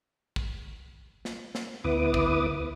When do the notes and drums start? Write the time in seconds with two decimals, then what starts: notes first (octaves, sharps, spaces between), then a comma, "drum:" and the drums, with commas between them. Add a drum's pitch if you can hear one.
0.36 drum: kick
1.25 drum: snare
1.55 drum: snare
1.84 D2 B3 E4 B4 D6 D#6
2.14 drum: kick